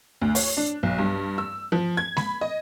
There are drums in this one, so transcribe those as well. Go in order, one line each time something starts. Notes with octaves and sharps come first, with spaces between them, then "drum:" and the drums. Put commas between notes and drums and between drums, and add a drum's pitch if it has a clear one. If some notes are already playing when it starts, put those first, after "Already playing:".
D2
C#5, drum: open hi-hat
D4
B1
G2
E6
F3
G#6
B5, drum: snare G#3
D#5